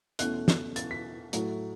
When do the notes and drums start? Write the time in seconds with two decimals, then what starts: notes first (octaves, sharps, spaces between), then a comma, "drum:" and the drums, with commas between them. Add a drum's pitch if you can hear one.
0.19 E2 B2 A3 C#4 F#6, drum: hi-hat
0.48 drum: snare
0.76 A6, drum: hi-hat
0.91 B6
1.33 A2 F#3 A3, drum: hi-hat